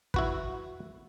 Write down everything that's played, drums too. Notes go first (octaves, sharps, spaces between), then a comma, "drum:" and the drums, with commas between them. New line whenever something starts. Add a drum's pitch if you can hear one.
E4 F#4 B4, drum: kick